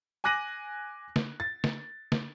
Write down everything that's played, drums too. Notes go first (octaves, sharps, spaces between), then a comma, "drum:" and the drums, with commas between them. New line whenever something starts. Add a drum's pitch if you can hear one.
G#5 D6 F#6 A#6 D#7 F#7
drum: snare
A6
drum: snare
drum: snare